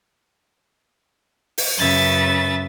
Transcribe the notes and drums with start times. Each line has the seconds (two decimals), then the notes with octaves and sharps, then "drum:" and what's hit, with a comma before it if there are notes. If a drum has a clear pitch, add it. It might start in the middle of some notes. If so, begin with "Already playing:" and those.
1.58 drum: open hi-hat
1.78 F#2 C#3 B4 E5 A6